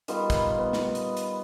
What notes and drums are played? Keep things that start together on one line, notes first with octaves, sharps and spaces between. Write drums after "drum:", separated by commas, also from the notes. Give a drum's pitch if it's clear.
D#3 G3 B3 F4, drum: hi-hat
drum: kick, hi-hat
B3
drum: snare
drum: hi-hat
drum: hi-hat